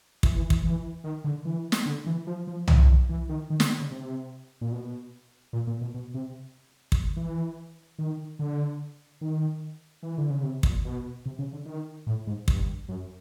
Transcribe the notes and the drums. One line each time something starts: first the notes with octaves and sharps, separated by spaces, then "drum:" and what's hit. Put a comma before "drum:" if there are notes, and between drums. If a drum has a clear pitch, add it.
E3, drum: kick
E3
E3, drum: kick
E3
D#3
D3
E3
drum: snare
D3
E3
F3
F3
E3, drum: tom C2
E3
D#3
D#3
D3, drum: snare
C#3
C3
A#2
B2
A#2
A#2
B2
B2
C3
drum: kick
E3
D#3
D3
D#3
E3
D3
C#3
C3
A#2, drum: kick
B2
C3
C#3
D3
D#3
A2
G#2
G2, drum: kick
F#2